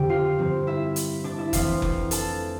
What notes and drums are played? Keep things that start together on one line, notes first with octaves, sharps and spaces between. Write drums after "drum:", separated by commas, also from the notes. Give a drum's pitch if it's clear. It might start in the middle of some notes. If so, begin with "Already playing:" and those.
Already playing: F2 D3 D4 G4 G5
F4 F5
G2 F3 C4
E4 E5
drum: hi-hat
D4 D5
E4 E5
F2 E3 A3 C4 F4 F5, drum: kick F1, hi-hat
drum: kick F1
A4 A5, drum: hi-hat